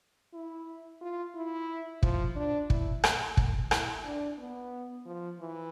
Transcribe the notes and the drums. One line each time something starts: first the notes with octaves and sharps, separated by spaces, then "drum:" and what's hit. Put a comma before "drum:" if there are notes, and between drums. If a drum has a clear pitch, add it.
E4
F4
E4
F3, drum: kick
D4
E4, drum: kick
drum: rim click
drum: kick
E4, drum: rim click
D4
B3
F3
E3